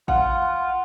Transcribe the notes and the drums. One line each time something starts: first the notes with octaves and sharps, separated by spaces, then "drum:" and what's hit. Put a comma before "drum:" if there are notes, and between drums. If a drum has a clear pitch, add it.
F4 F#5, drum: kick A1